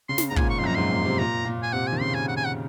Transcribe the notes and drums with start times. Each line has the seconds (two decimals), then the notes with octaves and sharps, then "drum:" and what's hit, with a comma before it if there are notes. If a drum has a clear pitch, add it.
0.09 C#3 C6
0.18 drum: snare
0.29 G#2 A#5
0.36 A#2 G#5, drum: kick
0.50 C#6
0.58 F2 C6
0.64 F#2 A#5
0.75 G#2 C6
0.91 A#2
1.05 C3
1.19 A#2 A#5
1.45 A#2
1.63 G#5
1.73 C3 F#5
1.87 G#5
1.92 D#3
2.01 C#3 C6
2.14 G#5
2.28 F#5
2.37 G#5
2.45 F#5